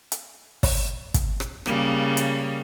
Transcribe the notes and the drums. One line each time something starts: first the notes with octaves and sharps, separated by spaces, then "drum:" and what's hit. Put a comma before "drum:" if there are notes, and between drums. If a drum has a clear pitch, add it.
drum: hi-hat
drum: kick, open hi-hat
drum: kick, hi-hat
drum: rim click
C#3 G3 A#3, drum: rim click
drum: hi-hat